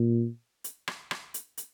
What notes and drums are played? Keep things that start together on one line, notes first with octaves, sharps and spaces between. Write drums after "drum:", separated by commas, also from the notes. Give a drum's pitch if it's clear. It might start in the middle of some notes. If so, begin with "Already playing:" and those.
Already playing: A#2
drum: hi-hat
drum: rim click
drum: rim click
drum: hi-hat
drum: hi-hat